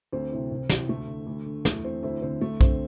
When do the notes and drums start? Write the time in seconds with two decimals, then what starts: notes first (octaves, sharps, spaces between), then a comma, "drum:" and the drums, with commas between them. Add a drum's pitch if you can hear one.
0.13 D2 C4
0.32 C3 E3
0.51 C2
0.70 C3 E3, drum: snare
0.89 D2 A3
1.08 D3
1.27 D2
1.46 D3
1.65 E2 A3, drum: snare
1.84 E3 C4
2.03 D2 C4 E4
2.22 D3 C4
2.41 D2 A3
2.61 D3 C4, drum: kick B1